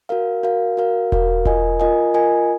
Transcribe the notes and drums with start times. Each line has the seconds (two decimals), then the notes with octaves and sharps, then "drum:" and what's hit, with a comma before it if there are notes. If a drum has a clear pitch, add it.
0.09 F#4 A#4 F5
0.43 F#4 A#4 F5
0.77 F#4 A#4 F5
1.12 F#4 A#4 F5, drum: kick E1
1.45 F4 A#4 D#5 G#5, drum: kick E1
1.80 F4 A#4 D#5 G#5
2.14 F4 A#4 D#5 G#5